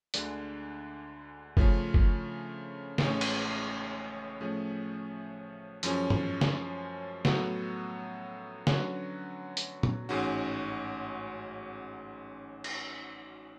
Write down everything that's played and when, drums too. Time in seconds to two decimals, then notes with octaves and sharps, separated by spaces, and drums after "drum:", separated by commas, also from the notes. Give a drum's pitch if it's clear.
0.14 D2 D3 G#3 D4, drum: hi-hat
1.57 C#3 F3 A3 C#4 F4, drum: kick G1
1.94 drum: kick G1
2.98 A1 A2 G#3 C#4, drum: snare
3.21 drum: cymbal
4.41 A2 F3 A3 C#4 G#4
5.83 F#2 F3 G#3 C#4, drum: hi-hat
6.10 drum: tom G#2
6.41 drum: snare
7.25 A2 F#3 B3 F#4 A4, drum: snare
8.67 D3 F#3 C#4 F#4 B4, drum: snare
9.57 drum: hi-hat
9.83 drum: tom
10.09 A1 G#2 G#3 C#4 F#4
12.64 drum: cymbal